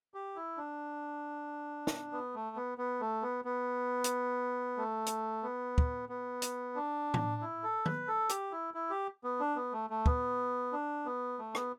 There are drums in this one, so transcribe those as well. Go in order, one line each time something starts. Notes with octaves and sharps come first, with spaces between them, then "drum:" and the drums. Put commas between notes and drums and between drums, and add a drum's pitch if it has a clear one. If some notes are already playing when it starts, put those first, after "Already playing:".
G4
E4
D4
drum: snare
B3
A3
B3
B3
A3
B3
B3
drum: hi-hat
A3
drum: hi-hat
B3
drum: kick
B3
drum: hi-hat
D4
drum: tom A2
E4
A4
B4, drum: tom D#3
A4
G4, drum: hi-hat
E4
E4
G4
B3
D4
B3
A3
A3
B3, drum: kick
D4
B3
A3
B3, drum: rim click